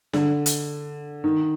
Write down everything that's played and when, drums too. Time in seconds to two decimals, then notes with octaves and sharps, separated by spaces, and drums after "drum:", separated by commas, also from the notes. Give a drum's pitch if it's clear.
0.13 D3, drum: snare
0.46 drum: hi-hat
1.24 D#3